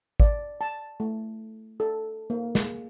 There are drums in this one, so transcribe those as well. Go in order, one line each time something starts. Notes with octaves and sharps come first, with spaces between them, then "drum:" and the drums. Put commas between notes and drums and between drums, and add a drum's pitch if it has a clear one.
D5, drum: kick
A5
A3
A4
A#3
G#4, drum: snare